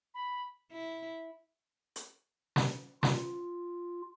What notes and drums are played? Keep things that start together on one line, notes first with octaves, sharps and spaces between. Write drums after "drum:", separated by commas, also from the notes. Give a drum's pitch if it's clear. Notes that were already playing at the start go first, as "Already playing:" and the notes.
B5
E4
drum: hi-hat
drum: snare
F4, drum: snare